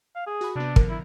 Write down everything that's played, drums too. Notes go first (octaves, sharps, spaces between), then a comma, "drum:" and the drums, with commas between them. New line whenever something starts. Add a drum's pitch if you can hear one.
F5
G#4
F#4 B5
C3 B3 D4
D3 F3 A#4, drum: kick
E4